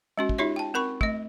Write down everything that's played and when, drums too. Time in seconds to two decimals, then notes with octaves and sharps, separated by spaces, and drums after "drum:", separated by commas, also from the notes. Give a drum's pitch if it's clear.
0.18 G#3 C#4 F#4
0.29 drum: kick
0.38 D#4 F4 G4 C#5 E5
0.56 G5 A5
0.74 C4 A#4 B5 C#6
1.01 A3 D#5, drum: kick